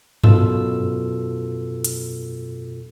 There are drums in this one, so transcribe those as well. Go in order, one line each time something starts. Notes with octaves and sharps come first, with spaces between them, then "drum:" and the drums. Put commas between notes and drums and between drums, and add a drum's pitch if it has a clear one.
F#2 B2 F4 A4 E6, drum: tom G2
drum: hi-hat